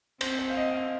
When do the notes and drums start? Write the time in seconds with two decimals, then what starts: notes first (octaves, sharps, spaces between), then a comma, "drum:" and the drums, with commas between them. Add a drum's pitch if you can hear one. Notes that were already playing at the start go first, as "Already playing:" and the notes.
0.21 C4 C5, drum: cymbal
0.39 C5
0.50 F5
0.57 D#5
0.74 F5